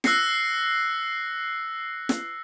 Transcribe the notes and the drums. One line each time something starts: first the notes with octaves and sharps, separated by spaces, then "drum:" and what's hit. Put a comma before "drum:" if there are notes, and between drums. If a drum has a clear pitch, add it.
E6 F#6 A#6 C7 C#7, drum: snare
drum: snare